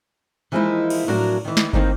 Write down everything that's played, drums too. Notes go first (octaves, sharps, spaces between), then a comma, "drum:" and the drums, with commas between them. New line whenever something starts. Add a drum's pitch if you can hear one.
E3 F3 G#3 A#3 D#4 E4
drum: cymbal
A2 F3 F#3 D4 F#4 A#4
D#3 E3
drum: snare
D#2 A#2 D#3 A#3 C4 D#4, drum: kick G1